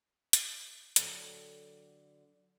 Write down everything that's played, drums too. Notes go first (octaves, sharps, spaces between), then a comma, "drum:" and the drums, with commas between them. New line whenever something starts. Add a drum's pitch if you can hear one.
drum: hi-hat
D3 F#3 A4 G5, drum: hi-hat